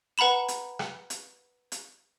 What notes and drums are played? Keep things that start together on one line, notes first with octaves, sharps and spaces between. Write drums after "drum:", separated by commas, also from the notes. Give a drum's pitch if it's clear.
B4 F#5 A#5 B5 E7
drum: hi-hat
drum: rim click
drum: hi-hat
drum: hi-hat